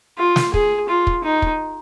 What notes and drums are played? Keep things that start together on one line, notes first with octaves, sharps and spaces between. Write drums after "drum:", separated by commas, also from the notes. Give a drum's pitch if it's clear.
F4
drum: snare
G#4, drum: kick
F4
drum: kick
D#4
drum: kick